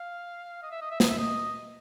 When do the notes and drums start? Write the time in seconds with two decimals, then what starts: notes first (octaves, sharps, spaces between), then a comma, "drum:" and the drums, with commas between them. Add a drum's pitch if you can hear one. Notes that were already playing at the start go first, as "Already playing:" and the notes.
Already playing: F5
0.63 D#5
0.71 E5
0.81 D#5
0.90 E5
1.00 D#5, drum: snare
1.09 E5
1.18 D#5